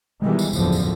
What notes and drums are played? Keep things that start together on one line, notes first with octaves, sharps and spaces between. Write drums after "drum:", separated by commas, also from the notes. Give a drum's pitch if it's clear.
B2 D#3 E3 G3 G#3, drum: tom G#3
drum: tambourine
F#1 E2 A2 D3 F3, drum: tambourine
drum: tambourine